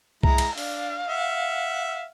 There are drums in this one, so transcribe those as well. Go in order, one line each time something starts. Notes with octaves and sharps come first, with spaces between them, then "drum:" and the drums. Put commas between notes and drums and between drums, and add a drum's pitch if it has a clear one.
G#3 E4 A#5, drum: kick C2
drum: cymbal
D4 F5, drum: open hi-hat
E5 F#5